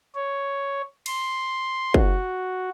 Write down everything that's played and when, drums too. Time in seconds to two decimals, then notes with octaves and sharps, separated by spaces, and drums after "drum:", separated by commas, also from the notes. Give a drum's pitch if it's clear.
0.15 C#5
1.06 C6, drum: cymbal
1.94 F#4, drum: kick